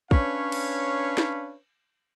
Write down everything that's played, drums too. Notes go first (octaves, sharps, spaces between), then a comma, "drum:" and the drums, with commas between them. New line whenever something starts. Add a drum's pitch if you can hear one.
C#4 D4 B4 C#5 F5, drum: kick
drum: cymbal
drum: snare